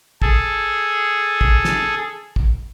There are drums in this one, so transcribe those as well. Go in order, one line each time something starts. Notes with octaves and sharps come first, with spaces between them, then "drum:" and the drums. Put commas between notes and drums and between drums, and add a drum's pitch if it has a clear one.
G#4 A4, drum: kick
drum: kick
drum: snare
drum: kick